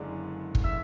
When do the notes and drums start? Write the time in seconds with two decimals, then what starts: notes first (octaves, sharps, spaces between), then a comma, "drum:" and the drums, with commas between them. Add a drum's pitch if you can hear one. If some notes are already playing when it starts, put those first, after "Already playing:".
Already playing: F#1 F#2 D3 G#3 D5
0.55 drum: kick
0.64 E5 E6